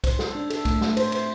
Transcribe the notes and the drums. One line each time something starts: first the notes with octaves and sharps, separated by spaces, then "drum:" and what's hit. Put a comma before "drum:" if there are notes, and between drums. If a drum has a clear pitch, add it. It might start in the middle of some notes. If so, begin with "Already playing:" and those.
C5, drum: kick, cymbal
A4, drum: snare
D4
A4, drum: cymbal
A3, drum: kick, cymbal
A3, drum: snare
C5, drum: cymbal
C5, drum: cymbal